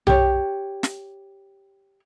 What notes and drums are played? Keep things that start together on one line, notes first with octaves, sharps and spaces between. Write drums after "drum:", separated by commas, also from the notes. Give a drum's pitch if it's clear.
G4 C#5, drum: tom B1
drum: snare